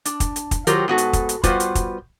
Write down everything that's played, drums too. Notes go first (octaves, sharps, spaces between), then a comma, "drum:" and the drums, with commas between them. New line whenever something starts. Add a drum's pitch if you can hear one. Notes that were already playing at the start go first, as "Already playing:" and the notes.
D4, drum: hi-hat
drum: kick, hi-hat
drum: hi-hat
drum: kick, hi-hat
D#3 F#3 F4 G4 A#4 C5, drum: hi-hat
G#2 B3 F#4 A4
drum: hi-hat
drum: kick, hi-hat
drum: hi-hat
G3 B3 F4 F#4 B4 C5, drum: kick, hi-hat
drum: hi-hat
drum: kick, hi-hat